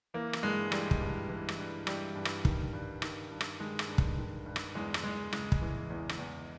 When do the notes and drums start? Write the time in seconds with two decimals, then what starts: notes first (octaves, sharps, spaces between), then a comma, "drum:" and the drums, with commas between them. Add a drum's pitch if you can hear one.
0.14 E3 A#3
0.33 drum: rim click
0.43 G2 G#3
0.72 E3 G3, drum: rim click
0.91 drum: kick
1.00 G2
1.29 E3
1.49 drum: rim click
1.58 G2
1.87 E3 G3, drum: rim click
2.16 G2
2.25 drum: rim click
2.45 D#3, drum: kick
2.73 G2
3.02 D#3, drum: rim click
3.31 G2
3.41 drum: rim click
3.60 D#3 G#3
3.79 drum: rim click
3.88 G2
3.98 drum: kick
4.18 D#3
4.46 G2
4.56 drum: rim click
4.75 E2 G#3
4.94 drum: rim click
5.03 E2 G#3
5.33 C#3 G#3, drum: rim click
5.52 drum: kick
5.61 E3
5.90 E2
6.09 drum: rim click
6.19 E2